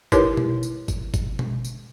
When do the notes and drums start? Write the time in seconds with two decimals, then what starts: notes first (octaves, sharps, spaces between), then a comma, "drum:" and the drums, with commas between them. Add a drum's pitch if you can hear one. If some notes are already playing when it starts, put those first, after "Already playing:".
0.12 D#4 E4 G4 A#4 B4 C#5, drum: kick G1, tambourine
0.37 drum: tom B2
0.63 drum: tambourine
0.88 drum: kick G1, tambourine
1.14 drum: kick G1, tambourine
1.39 drum: tom B2
1.65 drum: tambourine